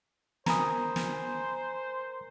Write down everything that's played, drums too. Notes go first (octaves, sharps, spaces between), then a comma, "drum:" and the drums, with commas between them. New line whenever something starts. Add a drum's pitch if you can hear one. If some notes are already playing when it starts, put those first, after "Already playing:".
A#4 C5 G#5 A#5 B5 D#6, drum: snare
drum: snare